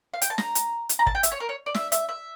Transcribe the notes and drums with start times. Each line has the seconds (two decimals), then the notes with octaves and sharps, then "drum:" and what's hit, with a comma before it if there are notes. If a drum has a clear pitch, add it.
0.14 F5
0.22 G5, drum: hi-hat
0.30 A5
0.38 A#5, drum: snare
0.55 drum: hi-hat
0.89 drum: hi-hat
0.99 A#5
1.07 A5, drum: kick
1.15 G5
1.23 E5, drum: hi-hat
1.32 C#5
1.40 A#4
1.49 C#5
1.66 D5
1.75 E5, drum: snare
1.92 E5, drum: hi-hat
2.09 E5